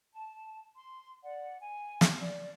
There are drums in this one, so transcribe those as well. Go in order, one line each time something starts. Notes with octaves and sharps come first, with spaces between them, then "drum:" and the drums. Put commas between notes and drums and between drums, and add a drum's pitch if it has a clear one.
A5
C6
D5 F#5
G#5
drum: snare
D5